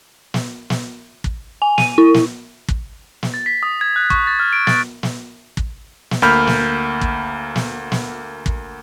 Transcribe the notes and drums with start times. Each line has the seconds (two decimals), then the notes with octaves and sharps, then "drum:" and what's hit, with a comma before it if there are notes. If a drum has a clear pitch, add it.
0.34 drum: snare
0.70 drum: snare
1.24 drum: kick
1.62 G#5
1.78 D#7, drum: snare
1.98 E4
2.14 drum: snare
2.68 drum: kick
3.23 drum: snare
3.34 A6
3.46 B6
3.63 D#6
3.81 G#6
3.96 F#6
4.10 C#6, drum: kick
4.27 A6
4.39 F6
4.53 D7
4.67 A6, drum: snare
5.03 drum: snare
5.57 drum: kick
6.11 drum: snare
6.22 D2 A#3 B5 F6 G6
6.47 drum: snare
7.01 drum: kick
7.56 drum: snare
7.92 drum: snare
8.46 drum: kick